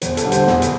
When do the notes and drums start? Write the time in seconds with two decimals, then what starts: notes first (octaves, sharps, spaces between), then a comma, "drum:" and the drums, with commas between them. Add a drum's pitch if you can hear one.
0.01 E2 C5, drum: hi-hat
0.17 A4, drum: hi-hat
0.24 D3 G3
0.32 C5, drum: hi-hat
0.47 E2, drum: snare
0.62 drum: hi-hat